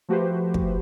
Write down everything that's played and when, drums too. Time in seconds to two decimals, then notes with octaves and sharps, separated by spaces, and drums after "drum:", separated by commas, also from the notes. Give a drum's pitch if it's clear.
0.09 F3 A3 F#4 G4 B4 C5
0.54 drum: kick